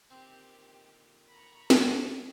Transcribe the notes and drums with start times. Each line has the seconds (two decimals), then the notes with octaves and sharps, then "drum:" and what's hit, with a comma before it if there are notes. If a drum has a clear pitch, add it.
0.10 A#2 D3 D#3 C4 G4
1.29 A#5 B5 C#6
1.70 drum: snare